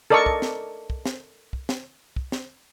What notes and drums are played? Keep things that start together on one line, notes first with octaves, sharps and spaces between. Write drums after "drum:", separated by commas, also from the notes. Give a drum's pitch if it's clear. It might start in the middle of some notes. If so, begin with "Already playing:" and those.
A4 A#4 D5 D#5 A5 C#6
drum: kick
drum: snare
drum: kick
drum: snare
drum: kick
drum: snare
drum: kick
drum: snare